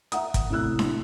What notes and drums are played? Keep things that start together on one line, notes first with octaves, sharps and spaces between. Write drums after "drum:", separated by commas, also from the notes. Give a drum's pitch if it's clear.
E5 F#5 A#5 D#6, drum: hi-hat
drum: kick, hi-hat
A2 C3 A3 E4 E6 F#6
drum: snare D4